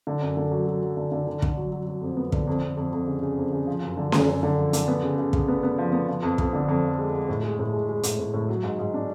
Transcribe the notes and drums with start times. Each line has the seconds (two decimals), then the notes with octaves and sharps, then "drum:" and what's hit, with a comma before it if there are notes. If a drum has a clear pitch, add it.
0.07 D3
0.22 F#2
0.37 D3
0.51 F#3
0.67 F#3
0.82 F#3
0.97 D3
1.12 D3
1.27 D3
1.42 D3, drum: kick
1.57 F#3
1.72 F#3
1.87 F#3
2.02 F2
2.17 B3
2.32 D3, drum: kick
2.47 F2
2.62 F2
2.77 F2
2.92 F2
3.07 C#3
3.22 C#3
3.37 F2
3.52 C#3
3.67 F3
3.82 F#2
3.97 D3
4.12 F#2, drum: snare C#4
4.28 F#2
4.43 D3
4.57 F3
4.73 D3, drum: hi-hat
4.88 B3
5.03 C#3
5.18 C#3
5.33 C#3, drum: kick
5.48 B3
5.63 B3
5.78 F3
5.93 B3
6.08 F3
6.23 F2
6.38 F2, drum: kick
6.53 D3
6.68 F2
6.83 F3
6.99 G#3
7.13 G#3
7.29 A2
7.44 G#3
7.59 A2
7.73 G#3
7.89 G#3
8.03 A2, drum: hi-hat
8.19 A2
8.34 A2
8.49 F#3
8.63 G#2
8.79 G#2
8.94 D4